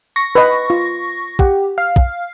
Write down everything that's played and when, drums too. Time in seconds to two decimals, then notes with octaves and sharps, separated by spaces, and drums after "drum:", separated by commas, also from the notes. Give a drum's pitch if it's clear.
0.16 C#6 A#6
0.35 B4 D#5
0.70 F4
1.39 G4 F#5, drum: kick
1.78 F5
1.96 drum: kick